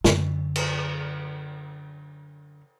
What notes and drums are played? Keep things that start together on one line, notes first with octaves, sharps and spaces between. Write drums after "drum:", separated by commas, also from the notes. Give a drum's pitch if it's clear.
F#2 D3, drum: snare
drum: cymbal